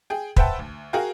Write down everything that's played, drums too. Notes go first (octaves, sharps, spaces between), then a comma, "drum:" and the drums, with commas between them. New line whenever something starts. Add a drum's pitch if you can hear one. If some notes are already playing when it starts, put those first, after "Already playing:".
G#4 G5
B4 C5 E5 F#5 G5 A5, drum: kick
D2
F#4 G#4 A#4 F5 G5